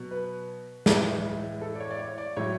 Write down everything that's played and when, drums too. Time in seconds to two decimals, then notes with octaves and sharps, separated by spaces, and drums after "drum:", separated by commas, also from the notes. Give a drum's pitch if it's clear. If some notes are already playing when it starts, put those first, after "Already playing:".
Already playing: B2 F#3
0.11 B4
0.86 A2 E3 G#3, drum: snare
1.61 A4
1.76 D5
1.80 C#5
1.91 D5
1.99 C#5
2.18 D5
2.36 A2 F#3 C#5